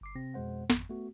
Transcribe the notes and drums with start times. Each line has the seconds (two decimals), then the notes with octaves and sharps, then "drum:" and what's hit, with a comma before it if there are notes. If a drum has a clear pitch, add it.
0.01 G1 D6 C7
0.15 C3 C4 A#6
0.34 F2 B2 G#3 C5 F#5
0.70 G#1 F2, drum: snare
0.89 A3 B3 F#4